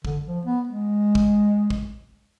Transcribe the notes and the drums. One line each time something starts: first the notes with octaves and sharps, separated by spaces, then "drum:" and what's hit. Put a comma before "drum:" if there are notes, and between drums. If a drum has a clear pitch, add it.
D3, drum: kick
F3
B3
G#3
drum: kick
drum: kick